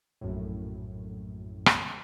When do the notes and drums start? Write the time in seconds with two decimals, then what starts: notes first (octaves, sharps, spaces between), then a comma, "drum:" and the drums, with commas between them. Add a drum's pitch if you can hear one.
0.21 A#1 F#2 A2
1.66 drum: rim click